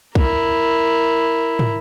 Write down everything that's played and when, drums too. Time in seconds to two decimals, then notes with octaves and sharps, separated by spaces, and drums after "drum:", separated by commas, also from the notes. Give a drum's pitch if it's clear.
0.15 E4 A#4, drum: kick
1.59 drum: tom